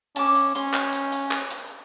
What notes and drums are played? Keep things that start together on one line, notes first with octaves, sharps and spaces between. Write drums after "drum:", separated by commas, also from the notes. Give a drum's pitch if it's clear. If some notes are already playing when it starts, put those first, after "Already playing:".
C#4 A5 D6, drum: hi-hat
drum: hi-hat
C#4 C6, drum: hi-hat
drum: clap
drum: hi-hat
drum: hi-hat
drum: clap
drum: hi-hat